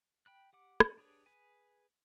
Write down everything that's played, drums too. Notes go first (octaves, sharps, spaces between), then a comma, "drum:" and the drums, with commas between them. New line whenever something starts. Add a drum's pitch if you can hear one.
G5 B5 F#6
G4 F#5 D6
C#4 D5, drum: rim click
D4 G4 G#4 B4 C#5
G#4 B4 G#5